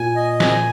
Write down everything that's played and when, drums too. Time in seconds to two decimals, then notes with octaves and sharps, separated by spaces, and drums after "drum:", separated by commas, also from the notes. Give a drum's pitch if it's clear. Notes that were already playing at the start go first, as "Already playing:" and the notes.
Already playing: A#2 G#5
0.16 D#5
0.40 G#5, drum: snare